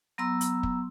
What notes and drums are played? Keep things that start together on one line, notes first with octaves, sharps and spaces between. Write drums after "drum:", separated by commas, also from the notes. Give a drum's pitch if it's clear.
F#3 B3 A#5 C6 E6
drum: hi-hat
drum: kick